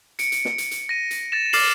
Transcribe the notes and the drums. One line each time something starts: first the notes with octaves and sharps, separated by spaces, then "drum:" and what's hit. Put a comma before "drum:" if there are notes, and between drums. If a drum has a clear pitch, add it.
C#7 D7, drum: hi-hat
drum: hi-hat
drum: snare
drum: hi-hat
drum: hi-hat
A#6 D#7
drum: hi-hat
A6 A#6 E7
D6 F6 A6 C7 E7 F#7, drum: open hi-hat